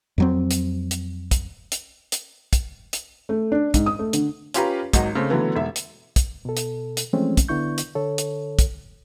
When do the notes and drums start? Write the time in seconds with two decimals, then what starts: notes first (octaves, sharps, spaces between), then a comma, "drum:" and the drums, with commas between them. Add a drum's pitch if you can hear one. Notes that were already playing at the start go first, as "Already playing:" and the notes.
0.18 F2 F#3 C4
0.51 drum: hi-hat
0.91 drum: hi-hat
1.31 drum: kick, hi-hat
1.72 drum: hi-hat
2.12 drum: hi-hat
2.53 drum: kick, hi-hat
2.93 drum: hi-hat
3.29 A3
3.52 D4
3.74 G#2, drum: kick, hi-hat
3.86 D#6
3.99 A3
4.13 D3, drum: hi-hat
4.54 C#4 F4 G4 B4 F5 A#5, drum: hi-hat
4.93 G#1 F#3 D#5, drum: kick, hi-hat
5.15 C#3 A3 C4
5.30 D3 E3 F#3 A3 B3
5.56 E1 E5
5.76 drum: hi-hat
6.16 drum: kick, hi-hat
6.45 B2 A4
6.57 drum: hi-hat
6.97 drum: hi-hat
7.13 E3 F3 G#3 A3 C4 C#4
7.37 drum: kick, hi-hat
7.49 D3 B3 D4 E4 C#6 G6
7.78 drum: hi-hat
7.95 D3 A4 C#5
8.18 drum: hi-hat
8.59 drum: kick, hi-hat